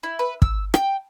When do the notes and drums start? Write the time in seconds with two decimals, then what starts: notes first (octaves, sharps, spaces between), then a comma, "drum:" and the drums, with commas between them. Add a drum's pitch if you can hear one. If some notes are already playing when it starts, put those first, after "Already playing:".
0.03 E4
0.19 B4
0.42 E6, drum: kick
0.74 G5, drum: rim click